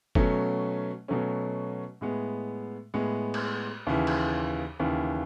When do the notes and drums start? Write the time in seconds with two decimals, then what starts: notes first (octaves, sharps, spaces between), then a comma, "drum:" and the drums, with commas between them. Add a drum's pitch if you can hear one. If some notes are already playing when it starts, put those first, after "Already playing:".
0.15 B2 F#3 A3 C#4, drum: kick
1.08 B2 F#3 A3 C#4
2.01 A2 G#3 B3
2.94 A2 G#3 B3
3.34 drum: cymbal
3.87 D#2 C#3 E3
4.07 drum: cymbal
4.79 D#2 C#3 E3